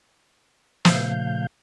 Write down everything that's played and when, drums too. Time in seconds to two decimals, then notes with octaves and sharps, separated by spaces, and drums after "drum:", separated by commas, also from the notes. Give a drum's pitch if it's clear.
0.85 A#2 C#3 F3 A3 F5 G6, drum: snare